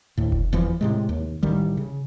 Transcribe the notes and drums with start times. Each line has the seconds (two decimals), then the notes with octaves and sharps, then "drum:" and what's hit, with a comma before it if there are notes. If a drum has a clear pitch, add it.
0.17 D2 A2
0.32 drum: kick F1
0.53 E2 E3 F3
0.81 A2 C3 G#3
1.09 D#2
1.43 A1 D#3 G3
1.77 C#3